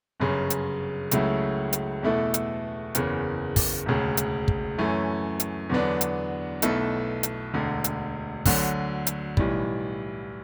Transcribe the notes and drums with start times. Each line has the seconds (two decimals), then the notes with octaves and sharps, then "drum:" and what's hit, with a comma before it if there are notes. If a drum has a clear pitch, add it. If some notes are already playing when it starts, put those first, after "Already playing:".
0.20 G1 F#2 C#3
0.50 drum: hi-hat
1.11 C#2 C#3 F#3 A3 E4, drum: hi-hat
1.73 drum: hi-hat
2.03 E2 B2 A3 E4 A4
2.34 drum: hi-hat
2.95 F#1 E2 C#3, drum: hi-hat
3.56 drum: kick, open hi-hat
3.86 E1 D2 C#3
4.17 drum: hi-hat
4.48 drum: kick
4.78 F#2 E3 A3 C#4
5.40 drum: hi-hat
5.70 E2 D3 F#3 B3 D4
6.01 drum: hi-hat
6.62 B1 B2 A3 E4 A4, drum: hi-hat
7.23 drum: hi-hat
7.53 E1 D2 D3
7.84 drum: hi-hat
8.45 D2 D3 F#3, drum: kick, open hi-hat
9.07 drum: hi-hat
9.37 B1 A2 E3 G3, drum: kick